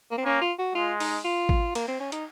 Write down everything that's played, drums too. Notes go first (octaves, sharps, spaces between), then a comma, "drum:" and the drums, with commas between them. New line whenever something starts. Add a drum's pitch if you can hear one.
A#3
C4
A#3 C#4
F4
F#4
G#3 F4
D#4, drum: open hi-hat
F4
drum: kick G#1
A#3, drum: cymbal
C4
C#4
D#4, drum: hi-hat